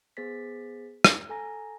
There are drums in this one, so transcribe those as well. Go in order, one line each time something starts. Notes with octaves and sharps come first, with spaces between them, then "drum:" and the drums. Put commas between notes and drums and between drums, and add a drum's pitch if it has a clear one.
B3 G#4 C5 A6 B6
drum: rim click
A4 G#5 A#5 A#6